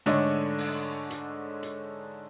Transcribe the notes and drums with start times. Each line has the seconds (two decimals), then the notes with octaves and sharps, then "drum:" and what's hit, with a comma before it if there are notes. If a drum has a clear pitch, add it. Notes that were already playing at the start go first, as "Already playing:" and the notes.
0.06 G#2 D3 A3 D4 C#5 D#5, drum: hi-hat
0.58 drum: open hi-hat
1.10 drum: hi-hat
1.63 drum: hi-hat